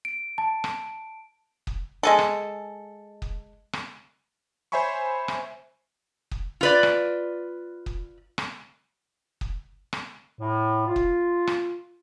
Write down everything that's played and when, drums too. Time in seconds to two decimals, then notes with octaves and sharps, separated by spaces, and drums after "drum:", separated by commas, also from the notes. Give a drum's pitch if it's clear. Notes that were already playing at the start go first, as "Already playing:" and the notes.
0.05 D7
0.38 A5
0.64 drum: rim click
1.67 drum: kick
2.03 G#3 G#4 A4
2.19 drum: rim click
3.22 drum: kick
3.73 drum: rim click
4.72 C5 C#5 E5 G#5 B5 C#6
5.28 drum: rim click
6.31 drum: kick
6.61 F4 B4 D5
6.83 drum: rim click
7.86 drum: kick
8.38 drum: rim click
9.41 drum: kick
9.93 drum: rim click
10.39 A2
10.87 F4
10.96 drum: kick
11.47 drum: rim click